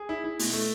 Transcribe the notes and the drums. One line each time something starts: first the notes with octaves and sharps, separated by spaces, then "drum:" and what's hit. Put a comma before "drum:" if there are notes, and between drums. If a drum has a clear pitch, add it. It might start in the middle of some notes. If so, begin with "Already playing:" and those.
Already playing: G#4
E4
E4
B2, drum: open hi-hat
A3